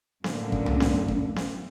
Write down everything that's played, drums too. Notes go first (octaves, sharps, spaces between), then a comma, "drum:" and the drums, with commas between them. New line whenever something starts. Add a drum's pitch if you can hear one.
F#2 A2 D3 A#3 B3, drum: snare B3
drum: kick
drum: tom C2
drum: snare B3
drum: kick
drum: snare B3